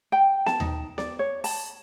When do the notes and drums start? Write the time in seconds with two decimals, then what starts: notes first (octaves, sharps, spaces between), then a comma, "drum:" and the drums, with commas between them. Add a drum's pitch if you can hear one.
0.12 G5
0.46 A5, drum: snare B3
0.60 D#4, drum: tom D#2
0.98 D5, drum: snare B3
1.19 C#5
1.44 A5, drum: open hi-hat